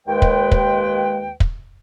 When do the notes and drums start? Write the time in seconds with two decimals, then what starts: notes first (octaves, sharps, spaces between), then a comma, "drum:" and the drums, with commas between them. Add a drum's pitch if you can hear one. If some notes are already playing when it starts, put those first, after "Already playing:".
0.07 D#2 G#3 B4 G5
0.22 drum: kick
0.51 drum: kick
1.40 drum: kick